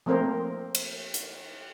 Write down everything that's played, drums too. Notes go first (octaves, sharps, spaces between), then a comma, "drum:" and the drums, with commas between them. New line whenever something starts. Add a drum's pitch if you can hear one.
F3 A3 A#3 C4 A#4 C5
drum: cymbal
drum: hi-hat